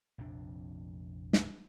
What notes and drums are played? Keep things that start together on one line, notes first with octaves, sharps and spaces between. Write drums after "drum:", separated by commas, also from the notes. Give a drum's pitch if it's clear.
A#1 F2 C3 D4
drum: snare